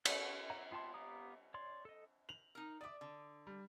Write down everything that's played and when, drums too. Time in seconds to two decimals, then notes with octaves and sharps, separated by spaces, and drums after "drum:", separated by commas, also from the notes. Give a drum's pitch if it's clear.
0.05 F#4 C5 F#5 G6, drum: cymbal
0.50 C#5 D#5 E5 F#5 A#5
0.71 B3 F4 G5 A5 C6
0.94 B3 G4 F5 A#5 D#6
1.54 C#5 D5 C6
1.85 A4 D#5
2.29 F7 F#7
2.55 D#4 A#4
2.81 D5 E5 D6 D#6
3.01 D3
3.47 G3